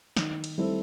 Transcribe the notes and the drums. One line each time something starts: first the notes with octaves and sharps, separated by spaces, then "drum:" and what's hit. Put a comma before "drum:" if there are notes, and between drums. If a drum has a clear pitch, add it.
D#3, drum: snare
drum: cymbal
G3 C4 E4 A4